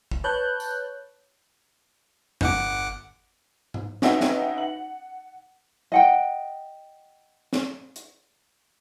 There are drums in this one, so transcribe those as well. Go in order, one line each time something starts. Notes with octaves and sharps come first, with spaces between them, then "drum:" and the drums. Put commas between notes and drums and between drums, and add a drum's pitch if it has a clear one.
drum: kick
B4 C#5 A5 F#6 G6
drum: tambourine
G1 F#5 D6, drum: tom E2
drum: tom G#2
C#4 D#4 F#4 B4 E5 G5, drum: snare
drum: snare
F#5 F#7
D#5 F#5 G5
drum: snare
drum: hi-hat